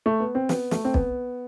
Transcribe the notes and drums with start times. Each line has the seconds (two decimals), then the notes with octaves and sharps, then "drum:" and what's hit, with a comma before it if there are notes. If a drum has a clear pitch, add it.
0.06 A3
0.20 B3
0.35 C4
0.49 B3, drum: snare
0.71 A3, drum: snare
0.85 C4
0.94 B3, drum: kick